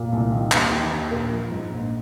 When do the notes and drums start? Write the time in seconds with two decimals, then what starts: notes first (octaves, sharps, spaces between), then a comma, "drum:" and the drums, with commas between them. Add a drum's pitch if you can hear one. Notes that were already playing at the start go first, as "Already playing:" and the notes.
Already playing: A#2
0.12 C2
0.32 D#3
0.52 D#2, drum: clap
0.72 D#3
0.92 D#2
1.11 A#1 A#4
1.30 F3
1.51 G#2
1.71 A#1